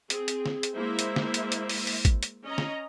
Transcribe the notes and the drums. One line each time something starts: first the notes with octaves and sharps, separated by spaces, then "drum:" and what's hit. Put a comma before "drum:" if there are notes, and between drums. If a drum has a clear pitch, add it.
C4 G#4, drum: hi-hat
drum: hi-hat
drum: snare
drum: hi-hat
G#3 A#3 E4 C5 E5
drum: hi-hat
drum: snare
drum: hi-hat
drum: hi-hat
drum: open hi-hat
drum: open hi-hat
drum: kick G#1, hi-hat
drum: hi-hat
C#4 D#5 A#5
drum: snare